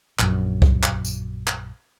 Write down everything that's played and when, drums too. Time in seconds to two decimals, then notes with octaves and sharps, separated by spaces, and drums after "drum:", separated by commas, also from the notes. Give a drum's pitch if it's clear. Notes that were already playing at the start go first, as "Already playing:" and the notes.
0.19 A#1 F#2, drum: clap
0.62 drum: kick C2
0.83 drum: clap
1.05 drum: tambourine
1.47 drum: clap